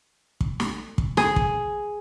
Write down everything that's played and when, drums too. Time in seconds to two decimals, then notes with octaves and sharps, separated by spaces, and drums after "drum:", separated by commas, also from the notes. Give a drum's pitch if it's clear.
0.41 drum: kick
0.60 drum: snare
0.98 drum: kick
1.17 G#4, drum: snare
1.36 drum: kick